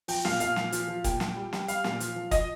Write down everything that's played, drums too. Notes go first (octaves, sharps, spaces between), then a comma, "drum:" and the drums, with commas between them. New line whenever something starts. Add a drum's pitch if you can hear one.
F3 G5, drum: open hi-hat
A#2 F5, drum: snare
A#2 F5, drum: hi-hat
F3, drum: snare
F3, drum: hi-hat
F3
A#2 G5, drum: kick, hi-hat
F3, drum: snare
G3
G3, drum: snare
G3 F5, drum: hi-hat
A#2, drum: snare
F3, drum: hi-hat
F3
F3 D#5, drum: kick, hi-hat